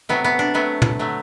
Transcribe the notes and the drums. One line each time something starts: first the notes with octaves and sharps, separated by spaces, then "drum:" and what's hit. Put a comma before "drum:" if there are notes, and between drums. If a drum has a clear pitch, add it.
C3 F#3 A3 B3
B3
D4
C3 F#3 A3 B3
drum: tom
D3 F#3 A3